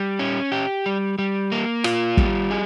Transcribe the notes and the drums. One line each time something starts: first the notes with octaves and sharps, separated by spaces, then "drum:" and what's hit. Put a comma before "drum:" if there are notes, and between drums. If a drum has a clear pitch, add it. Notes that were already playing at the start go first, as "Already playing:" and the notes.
Already playing: G3
C#4
G4
G3
G3
A#3
F4, drum: rim click
G3, drum: kick
G#4